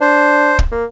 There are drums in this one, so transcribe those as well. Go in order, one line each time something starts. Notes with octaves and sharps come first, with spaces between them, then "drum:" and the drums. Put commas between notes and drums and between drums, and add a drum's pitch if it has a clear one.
D4 C5
drum: kick
A#3